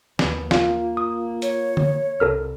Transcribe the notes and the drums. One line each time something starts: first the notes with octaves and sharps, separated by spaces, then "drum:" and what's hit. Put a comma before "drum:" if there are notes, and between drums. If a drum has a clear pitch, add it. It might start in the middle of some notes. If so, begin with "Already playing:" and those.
D#2 B3, drum: snare
A#3 F4, drum: snare
D#6
C#5, drum: hi-hat
drum: tom D3
C2 A4 A#4 F6